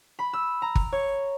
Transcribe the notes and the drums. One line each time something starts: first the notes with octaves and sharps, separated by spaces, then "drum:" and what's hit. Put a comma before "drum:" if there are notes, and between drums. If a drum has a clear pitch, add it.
B5
E6
A#5
drum: kick G1
C#5